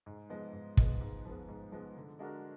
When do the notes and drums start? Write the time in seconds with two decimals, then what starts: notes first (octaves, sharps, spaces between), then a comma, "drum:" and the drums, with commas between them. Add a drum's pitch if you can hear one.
0.06 G#2
0.29 F3 G#3 B3
0.53 G#2
0.77 F3 G#3 B3, drum: kick
1.01 G#2
1.25 F3 G#3 B3
1.48 G#2
1.72 F3 G#3 B3
1.96 D3
2.19 G#3 D4 F#4 A#4